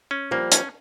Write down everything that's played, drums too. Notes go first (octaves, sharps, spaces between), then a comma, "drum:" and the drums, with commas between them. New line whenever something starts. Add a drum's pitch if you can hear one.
C#4
F3 G3 A#3
C#4, drum: hi-hat